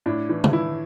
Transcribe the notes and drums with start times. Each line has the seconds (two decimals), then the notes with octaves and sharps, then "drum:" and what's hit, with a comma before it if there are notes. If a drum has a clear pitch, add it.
0.06 A2 D4
0.29 E3
0.44 drum: tom
0.53 E3 E4